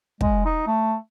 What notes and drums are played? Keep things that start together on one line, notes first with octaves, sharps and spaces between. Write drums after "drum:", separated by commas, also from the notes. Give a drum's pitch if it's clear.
G#3, drum: kick
D#4
A3